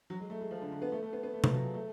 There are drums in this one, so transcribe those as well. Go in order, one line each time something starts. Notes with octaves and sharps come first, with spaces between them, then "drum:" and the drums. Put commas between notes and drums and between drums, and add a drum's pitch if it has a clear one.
F#3
G#3
A3
G#3
F3
D3
D3
B3
A3
A3
B3
B3
A3
F3, drum: tom C3
F#3
G#3
A3